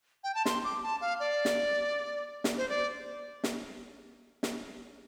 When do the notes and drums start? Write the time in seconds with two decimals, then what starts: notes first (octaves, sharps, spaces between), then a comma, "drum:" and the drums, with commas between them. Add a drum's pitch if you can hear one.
0.24 G5
0.35 A5
0.45 C6, drum: snare
0.64 D6
0.83 A5
1.01 F5
1.20 D5
1.45 drum: snare
2.44 drum: snare
2.58 C5
2.69 D5
3.44 drum: snare
4.43 drum: snare